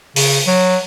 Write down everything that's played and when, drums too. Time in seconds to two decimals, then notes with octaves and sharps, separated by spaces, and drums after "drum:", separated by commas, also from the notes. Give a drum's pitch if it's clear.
0.16 C#3, drum: open hi-hat
0.47 F#3